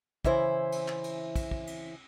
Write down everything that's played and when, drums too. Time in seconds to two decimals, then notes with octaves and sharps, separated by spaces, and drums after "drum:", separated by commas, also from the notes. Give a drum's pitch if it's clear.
0.25 C#3 E3 E4 C5, drum: kick
0.72 drum: cymbal
0.88 drum: clap
1.04 drum: cymbal
1.36 drum: kick, cymbal
1.51 drum: kick
1.67 drum: cymbal